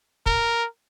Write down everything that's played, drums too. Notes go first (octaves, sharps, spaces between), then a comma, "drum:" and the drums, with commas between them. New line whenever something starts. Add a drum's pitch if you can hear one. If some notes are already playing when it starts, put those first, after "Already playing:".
A#4, drum: kick